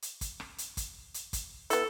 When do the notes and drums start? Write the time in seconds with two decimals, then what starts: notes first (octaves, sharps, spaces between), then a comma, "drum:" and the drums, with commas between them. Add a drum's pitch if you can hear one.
0.02 drum: hi-hat
0.21 drum: kick, hi-hat
0.40 drum: rim click
0.58 drum: hi-hat
0.77 drum: kick, hi-hat
1.14 drum: hi-hat
1.33 drum: kick, hi-hat
1.70 B3 E4 A4, drum: hi-hat